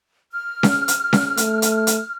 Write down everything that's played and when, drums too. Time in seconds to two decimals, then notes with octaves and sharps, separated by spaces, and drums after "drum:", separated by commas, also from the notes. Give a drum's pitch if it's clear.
0.32 F6
0.63 drum: snare C#4
0.88 drum: hi-hat
1.13 drum: snare C#4
1.37 A3, drum: hi-hat
1.62 drum: hi-hat
1.87 drum: hi-hat